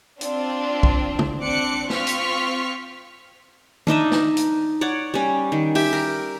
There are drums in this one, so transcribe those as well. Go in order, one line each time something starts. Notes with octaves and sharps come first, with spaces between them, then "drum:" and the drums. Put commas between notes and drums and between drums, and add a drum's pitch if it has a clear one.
C4 D4 F4, drum: hi-hat
drum: kick
drum: tom
C4 D4 D6 F#6 C#7
C4 F4 C#6 F6 B6, drum: snare
drum: hi-hat
D4 D#4 D#5 E5, drum: tom D#3
drum: snare
drum: hi-hat
C#5 D5 F#5
G3 C#4
D#3
G4 E5, drum: open hi-hat
A#4